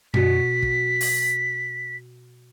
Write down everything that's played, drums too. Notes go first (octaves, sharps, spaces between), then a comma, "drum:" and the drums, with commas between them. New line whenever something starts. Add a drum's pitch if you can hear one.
B2 F#4 B6, drum: tom F#2
drum: kick
drum: open hi-hat